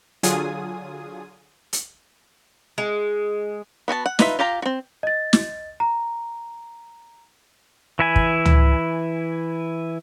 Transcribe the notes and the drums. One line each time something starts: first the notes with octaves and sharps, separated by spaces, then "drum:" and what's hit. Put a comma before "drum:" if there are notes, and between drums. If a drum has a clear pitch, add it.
D3 F#3 F4 G#4 G#5 D#6, drum: hi-hat
drum: hi-hat
G#3
B3 F#4 G#5 A5
F#5
D#4 F4 B4 C5 E5, drum: snare
F4 G4 F5 A#5
C4 F#4
D#5 A6
drum: snare
A#5
E3 E4 G#5
drum: kick
drum: tom C#2